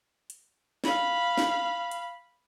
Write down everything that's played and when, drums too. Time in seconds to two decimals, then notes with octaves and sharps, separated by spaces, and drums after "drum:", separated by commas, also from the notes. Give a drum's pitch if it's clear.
0.30 drum: hi-hat
0.84 F5 B5, drum: snare
1.38 drum: snare
1.91 drum: hi-hat